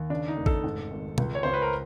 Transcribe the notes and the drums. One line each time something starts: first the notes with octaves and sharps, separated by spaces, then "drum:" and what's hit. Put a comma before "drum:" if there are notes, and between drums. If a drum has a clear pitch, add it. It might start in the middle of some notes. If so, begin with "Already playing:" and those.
Already playing: D#2
C#3 D4
D#4
F1
A4, drum: kick A1
G#2
G#1
C#2, drum: tom B2
C#5
C#2 C5
B4
A#4